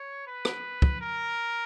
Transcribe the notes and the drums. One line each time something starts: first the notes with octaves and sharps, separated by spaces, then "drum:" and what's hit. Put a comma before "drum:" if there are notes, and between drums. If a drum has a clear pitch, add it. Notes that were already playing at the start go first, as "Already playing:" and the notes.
Already playing: C#5
B4
drum: rim click
drum: kick
A#4